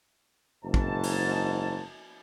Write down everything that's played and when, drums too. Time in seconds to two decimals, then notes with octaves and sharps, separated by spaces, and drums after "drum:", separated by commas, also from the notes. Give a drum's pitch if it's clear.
0.64 F#1 G#2 A5
0.74 drum: kick
1.03 drum: cymbal